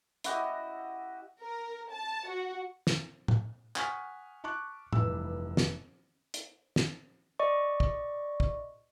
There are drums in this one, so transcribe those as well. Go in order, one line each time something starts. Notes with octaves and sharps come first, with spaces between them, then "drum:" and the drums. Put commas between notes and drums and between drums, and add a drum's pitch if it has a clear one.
E4 F#4 G4 D#5, drum: hi-hat
A#4
A5
F#4
drum: snare
drum: tom
F#5 G#5 C#6 D#6 F6 B6, drum: clap
A5 C#6 D6 F#6
F1 G2 E3 G3 E6, drum: tom
drum: snare
drum: hi-hat
drum: snare
D5 D#5 C#6
drum: kick
drum: kick